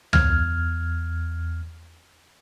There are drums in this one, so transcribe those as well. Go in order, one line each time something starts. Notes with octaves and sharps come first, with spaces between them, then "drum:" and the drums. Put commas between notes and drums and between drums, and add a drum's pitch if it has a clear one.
E2 F6 G#6, drum: tom C#2